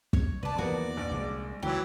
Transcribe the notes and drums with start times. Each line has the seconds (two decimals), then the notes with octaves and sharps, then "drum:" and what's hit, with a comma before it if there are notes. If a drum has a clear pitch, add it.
0.13 C#5, drum: kick
0.43 C2 B4 D5 A5
0.58 E2 D#3 E3 A#3 B3 F#4
0.97 A#1
1.11 C2 E3 G#3
1.63 C#2 D#3 E3 F#3 G4